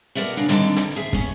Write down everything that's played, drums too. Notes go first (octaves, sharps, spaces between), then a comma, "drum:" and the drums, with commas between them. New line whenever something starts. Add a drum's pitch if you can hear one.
B2 F#3 A#4 D5 E5 F#5
C#3 D4 A#4 F5
D3 D#3 G3 C4 E4 A5, drum: hi-hat
drum: hi-hat
G#4 E5
B3 C#4, drum: kick